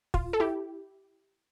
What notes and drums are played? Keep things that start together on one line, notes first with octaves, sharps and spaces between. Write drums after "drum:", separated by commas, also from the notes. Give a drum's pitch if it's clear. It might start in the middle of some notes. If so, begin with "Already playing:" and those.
F4, drum: kick
A4
E4 G4